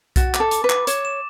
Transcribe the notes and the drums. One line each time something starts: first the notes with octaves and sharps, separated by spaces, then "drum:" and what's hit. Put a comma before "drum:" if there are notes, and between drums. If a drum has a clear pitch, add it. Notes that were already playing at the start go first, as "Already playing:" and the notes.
F#4 A6, drum: kick B1, hi-hat
D6, drum: clap
A4
D6, drum: hi-hat
B4
D6, drum: clap
C#5 E7, drum: hi-hat
E7